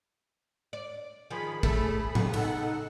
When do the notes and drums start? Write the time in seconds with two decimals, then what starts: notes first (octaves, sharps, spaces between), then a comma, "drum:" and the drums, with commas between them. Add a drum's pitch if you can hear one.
0.73 D5
1.30 D#3 F3 G#4 B5
1.63 A2 A3 A4, drum: kick
2.15 C#3 B3, drum: tom A2
2.34 D#4 A4 F#5, drum: cymbal